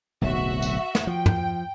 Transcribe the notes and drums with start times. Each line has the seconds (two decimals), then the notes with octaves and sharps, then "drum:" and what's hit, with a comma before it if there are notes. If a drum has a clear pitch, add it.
0.21 D1 B1 F#4 E5
0.62 drum: tambourine
0.95 drum: snare
1.07 F3 G5
1.26 drum: tom